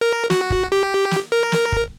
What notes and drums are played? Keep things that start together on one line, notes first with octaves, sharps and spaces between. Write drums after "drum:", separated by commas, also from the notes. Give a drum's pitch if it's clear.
A#4
F#4, drum: snare
drum: kick
G4
drum: snare
A#4
drum: snare
drum: kick